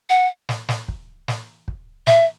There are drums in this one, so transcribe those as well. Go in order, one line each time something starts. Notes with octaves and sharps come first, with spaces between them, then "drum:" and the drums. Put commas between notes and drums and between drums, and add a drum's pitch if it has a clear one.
F#5
drum: snare
drum: snare
drum: kick
drum: snare
drum: kick
E5, drum: snare